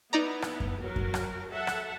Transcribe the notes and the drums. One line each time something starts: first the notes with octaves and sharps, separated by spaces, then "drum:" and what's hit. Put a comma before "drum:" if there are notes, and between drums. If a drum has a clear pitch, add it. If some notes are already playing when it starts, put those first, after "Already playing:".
B3 D#4 E4 D5 A#5
drum: rim click
drum: kick F#2
F#3 F#4 A#4
drum: kick F#2
drum: rim click
A4 E5 F#5
drum: rim click